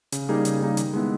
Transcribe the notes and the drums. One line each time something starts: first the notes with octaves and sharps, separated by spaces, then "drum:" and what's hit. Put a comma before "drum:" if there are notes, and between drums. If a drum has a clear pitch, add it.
C#3, drum: hi-hat
G3 A#3 D#4 G#4
C#3, drum: hi-hat
G3 A#3 D#4 G#4
D#3, drum: hi-hat
G#3 B3 E4